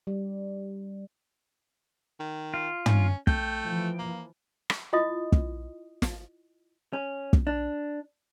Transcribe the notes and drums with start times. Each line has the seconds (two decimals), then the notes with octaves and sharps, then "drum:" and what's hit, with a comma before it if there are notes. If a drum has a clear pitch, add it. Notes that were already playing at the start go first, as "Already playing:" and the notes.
0.07 G3
2.20 D#3
2.54 F4
2.86 C#4, drum: tom
3.27 A3 G5, drum: kick
3.64 E3 F3
3.99 A#3
4.70 drum: rim click
4.93 E4 F4 D#5 D#6
5.32 drum: kick
6.02 drum: snare
6.93 C#4
7.33 drum: kick
7.47 D4